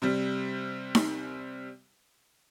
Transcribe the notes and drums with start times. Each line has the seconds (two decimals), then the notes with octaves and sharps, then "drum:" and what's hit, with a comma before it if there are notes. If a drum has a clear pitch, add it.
0.02 C3 G3
0.95 drum: snare D#4